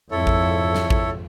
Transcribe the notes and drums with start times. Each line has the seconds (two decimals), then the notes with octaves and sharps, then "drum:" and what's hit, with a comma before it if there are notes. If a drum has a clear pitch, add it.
0.11 F2 G#2 E4 A4 C#5
0.27 drum: kick A1
0.75 drum: snare
0.90 drum: kick A1